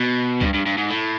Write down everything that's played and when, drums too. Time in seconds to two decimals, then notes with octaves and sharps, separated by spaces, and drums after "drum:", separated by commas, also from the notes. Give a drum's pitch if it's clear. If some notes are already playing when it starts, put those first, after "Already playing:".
Already playing: B2
0.41 G2, drum: kick C#2
0.54 G2
0.66 G2
0.78 G#2
0.90 A2